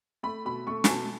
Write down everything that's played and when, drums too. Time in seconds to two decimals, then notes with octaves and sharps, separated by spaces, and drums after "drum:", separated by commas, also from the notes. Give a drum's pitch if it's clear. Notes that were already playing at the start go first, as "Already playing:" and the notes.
0.23 A3 B5
0.45 B2 B5
0.67 A3 C#6
0.84 G#5, drum: snare
0.89 B2 A5